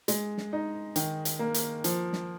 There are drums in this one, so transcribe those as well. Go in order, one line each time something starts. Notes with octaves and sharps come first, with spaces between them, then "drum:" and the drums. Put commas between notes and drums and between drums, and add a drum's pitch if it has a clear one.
G#3, drum: hi-hat
drum: snare
D#4
D#3, drum: hi-hat
drum: hi-hat
A#3
drum: hi-hat
F3, drum: hi-hat
drum: snare